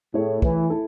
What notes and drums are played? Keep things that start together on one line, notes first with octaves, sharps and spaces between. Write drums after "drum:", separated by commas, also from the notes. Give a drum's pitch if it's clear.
A2 A3 E4 G#4 C#5
E3, drum: kick
E4 A4